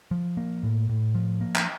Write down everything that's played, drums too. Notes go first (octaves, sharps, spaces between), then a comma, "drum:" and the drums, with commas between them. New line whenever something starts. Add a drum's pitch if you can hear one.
F3
A#3
A2
A2
F3
A#3
drum: clap